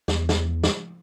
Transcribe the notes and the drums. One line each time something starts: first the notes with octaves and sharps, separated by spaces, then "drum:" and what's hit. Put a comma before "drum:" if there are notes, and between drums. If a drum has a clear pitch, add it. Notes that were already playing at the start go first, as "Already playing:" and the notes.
E2, drum: snare
drum: snare
drum: snare